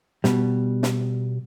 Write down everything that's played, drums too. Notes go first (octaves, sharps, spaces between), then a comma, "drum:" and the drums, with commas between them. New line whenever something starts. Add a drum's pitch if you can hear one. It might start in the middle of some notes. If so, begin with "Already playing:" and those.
B2 G3, drum: snare
drum: snare